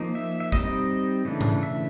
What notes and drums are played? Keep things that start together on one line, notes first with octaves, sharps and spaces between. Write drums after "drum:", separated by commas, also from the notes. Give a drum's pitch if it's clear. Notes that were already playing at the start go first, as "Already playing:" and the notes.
Already playing: F3 A#3 D#4
E5
E5
G3 C4 D#4 D#5, drum: kick
C#3 E3 A3 D4
drum: tom G#2
E5